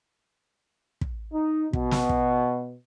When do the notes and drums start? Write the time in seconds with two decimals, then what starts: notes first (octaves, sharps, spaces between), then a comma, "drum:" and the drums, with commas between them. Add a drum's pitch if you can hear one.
1.01 drum: kick
1.33 D#4
1.73 B2, drum: kick
1.91 drum: snare
2.09 drum: kick